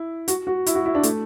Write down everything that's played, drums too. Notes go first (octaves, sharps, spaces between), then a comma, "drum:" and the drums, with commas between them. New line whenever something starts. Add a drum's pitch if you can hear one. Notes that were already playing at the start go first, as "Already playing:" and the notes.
Already playing: E4
F#4, drum: hi-hat
F#4
E4, drum: hi-hat
F#4
E4
D4
A3, drum: hi-hat